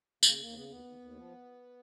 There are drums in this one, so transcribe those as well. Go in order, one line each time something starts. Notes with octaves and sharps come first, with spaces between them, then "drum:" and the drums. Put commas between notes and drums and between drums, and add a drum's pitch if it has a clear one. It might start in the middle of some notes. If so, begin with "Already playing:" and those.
C#3 A#3, drum: tambourine
D#2 A#3
C#3 B3
D#2 B3
D#2
D#2
F3